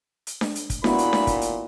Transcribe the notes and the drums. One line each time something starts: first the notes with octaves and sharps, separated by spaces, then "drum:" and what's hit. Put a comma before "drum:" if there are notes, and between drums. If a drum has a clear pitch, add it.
drum: hi-hat
drum: snare D4
drum: hi-hat
drum: kick, hi-hat
A#2 B3 E4 F#4 B5, drum: snare D4
drum: hi-hat
drum: snare D4
drum: kick, hi-hat
drum: hi-hat